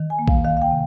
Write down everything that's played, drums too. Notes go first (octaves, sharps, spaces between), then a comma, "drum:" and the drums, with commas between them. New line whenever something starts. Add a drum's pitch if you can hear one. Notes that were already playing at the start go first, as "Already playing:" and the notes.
Already playing: D#3
G#5
A#3
F5, drum: kick
D#3 F5
F5
G5
C3